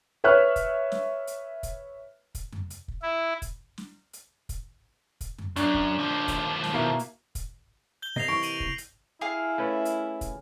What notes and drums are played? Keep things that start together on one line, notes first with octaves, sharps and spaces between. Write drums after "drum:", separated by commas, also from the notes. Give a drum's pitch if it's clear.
B4 C#5 E5 F6 F#6
drum: kick, hi-hat
drum: snare
drum: hi-hat
drum: kick, hi-hat
drum: kick, hi-hat
drum: tom F2
drum: hi-hat
drum: kick
E4
drum: kick, hi-hat
drum: snare
drum: hi-hat
drum: kick, hi-hat
drum: kick, hi-hat
drum: tom F2
F#2 D4, drum: hi-hat
drum: kick
D#2 F3
drum: kick, hi-hat
drum: snare
B2 A#3 E4
drum: hi-hat
drum: kick, hi-hat
G6 G7
C3 A#3 D#5 A#6 C7 F7
E3 C#6 D7
D7 D#7 F#7, drum: hi-hat
drum: kick
drum: hi-hat
E4 G#4 F5
A3 C#4 B4
drum: hi-hat
drum: kick, hi-hat